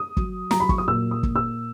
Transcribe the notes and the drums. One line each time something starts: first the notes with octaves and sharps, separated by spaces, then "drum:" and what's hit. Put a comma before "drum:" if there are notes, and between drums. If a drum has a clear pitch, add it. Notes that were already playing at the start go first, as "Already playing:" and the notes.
Already playing: D#6
F#3, drum: kick
F#3 A#5, drum: snare
B5
C#6, drum: kick
D#6
A#2 E6
D#6
A#2, drum: kick
E6